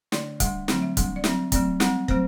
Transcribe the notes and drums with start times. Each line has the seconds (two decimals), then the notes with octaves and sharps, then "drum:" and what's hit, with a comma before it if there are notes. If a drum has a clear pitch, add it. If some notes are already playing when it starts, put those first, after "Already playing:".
0.12 D3 A3 D4 D5, drum: snare
0.40 G3 D4 E5, drum: kick, hi-hat
0.68 D3 F#3 A3 C4, drum: snare
0.82 E5
0.97 G3 D4, drum: kick, hi-hat
1.16 D5
1.24 F#3 C4 E5, drum: snare
1.52 F#3 A3 C4 D5, drum: kick, hi-hat
1.80 G3 C4, drum: snare
2.08 F#3 A3 C4 C5, drum: kick